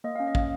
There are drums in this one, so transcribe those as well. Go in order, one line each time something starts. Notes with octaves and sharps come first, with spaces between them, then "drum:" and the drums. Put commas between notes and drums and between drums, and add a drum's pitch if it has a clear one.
A#3 D#5
C#4 F5
D#5
A#3, drum: kick